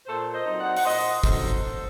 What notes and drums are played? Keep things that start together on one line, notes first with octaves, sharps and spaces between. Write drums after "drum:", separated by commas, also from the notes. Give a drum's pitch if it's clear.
A#2 A4 C5
C5 D#5
F#3 C4 D#4
D5 F#5
F#5, drum: open hi-hat
A#2 C5 D#5
F#3 C4 D#4 A4 C5, drum: kick
D#2